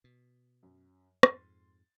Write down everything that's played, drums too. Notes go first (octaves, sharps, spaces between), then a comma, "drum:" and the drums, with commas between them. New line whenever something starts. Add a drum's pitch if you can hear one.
B2
F#2
F2 G#2 C6 A6, drum: rim click